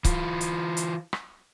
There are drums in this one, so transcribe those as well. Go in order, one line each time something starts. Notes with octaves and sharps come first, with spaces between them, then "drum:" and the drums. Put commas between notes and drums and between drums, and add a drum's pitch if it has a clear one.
E3 F4, drum: kick C#1, hi-hat
drum: hi-hat
drum: hi-hat
drum: rim click